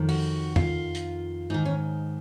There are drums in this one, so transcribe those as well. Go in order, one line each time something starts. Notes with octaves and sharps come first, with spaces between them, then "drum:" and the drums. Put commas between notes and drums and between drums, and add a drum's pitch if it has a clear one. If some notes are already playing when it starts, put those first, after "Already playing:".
Already playing: F2 D#3
F#4, drum: open hi-hat
F4, drum: tom E2
drum: hi-hat
G#2 D#3 D#4
C#4